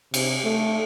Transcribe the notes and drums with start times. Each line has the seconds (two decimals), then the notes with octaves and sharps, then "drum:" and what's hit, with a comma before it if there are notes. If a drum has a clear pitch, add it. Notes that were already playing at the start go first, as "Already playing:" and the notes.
0.14 C3, drum: cymbal
0.44 A3